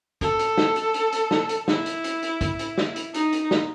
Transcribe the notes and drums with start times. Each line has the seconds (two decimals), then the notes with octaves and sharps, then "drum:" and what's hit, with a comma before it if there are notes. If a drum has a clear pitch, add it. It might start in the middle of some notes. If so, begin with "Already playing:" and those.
0.21 A4, drum: kick, hi-hat
0.39 drum: hi-hat
0.58 drum: snare
0.76 drum: hi-hat
0.94 drum: hi-hat
1.13 drum: hi-hat
1.31 drum: snare
1.49 drum: hi-hat
1.68 E4, drum: snare
1.86 drum: hi-hat
2.04 drum: hi-hat
2.23 drum: hi-hat
2.41 drum: kick, hi-hat
2.59 drum: hi-hat
2.78 drum: snare
2.96 drum: hi-hat
3.14 D#4, drum: hi-hat
3.33 drum: hi-hat
3.51 drum: snare